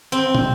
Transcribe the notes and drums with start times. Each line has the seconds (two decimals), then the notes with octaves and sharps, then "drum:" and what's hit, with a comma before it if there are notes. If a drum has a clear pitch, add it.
0.12 C4
0.35 drum: tom